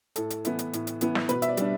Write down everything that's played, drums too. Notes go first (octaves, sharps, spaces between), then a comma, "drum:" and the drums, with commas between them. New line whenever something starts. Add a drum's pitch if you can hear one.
A2 A4, drum: hi-hat
drum: hi-hat
E3 B3 E4, drum: hi-hat
drum: hi-hat
A2, drum: hi-hat
drum: hi-hat
E3 B3 E4, drum: hi-hat
drum: snare
B2 B4, drum: hi-hat
E5, drum: hi-hat
D5
G3 D4, drum: hi-hat